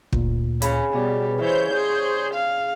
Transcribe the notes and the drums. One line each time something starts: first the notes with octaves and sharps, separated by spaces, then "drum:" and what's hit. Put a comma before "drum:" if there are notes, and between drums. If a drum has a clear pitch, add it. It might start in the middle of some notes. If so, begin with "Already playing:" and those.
D2 A#2, drum: kick
C#3 C#4 B5, drum: hi-hat
B2 G3 D5 G#5
E3 C5 C#5 G6
G#4
F5